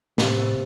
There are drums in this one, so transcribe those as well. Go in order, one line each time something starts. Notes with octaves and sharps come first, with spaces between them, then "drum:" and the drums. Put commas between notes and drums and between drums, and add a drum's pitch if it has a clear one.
A2 C3, drum: snare